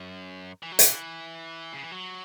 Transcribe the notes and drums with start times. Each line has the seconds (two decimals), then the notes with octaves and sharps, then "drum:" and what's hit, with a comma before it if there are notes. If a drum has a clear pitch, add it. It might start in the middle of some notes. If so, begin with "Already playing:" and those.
Already playing: F#2
0.63 E3
0.72 F#3
0.79 E3, drum: hi-hat
1.73 C#3
1.82 E3
1.91 F#3